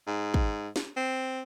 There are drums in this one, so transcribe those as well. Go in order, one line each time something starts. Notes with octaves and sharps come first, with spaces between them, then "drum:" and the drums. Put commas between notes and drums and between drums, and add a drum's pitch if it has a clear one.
G#2
drum: kick
drum: snare
C4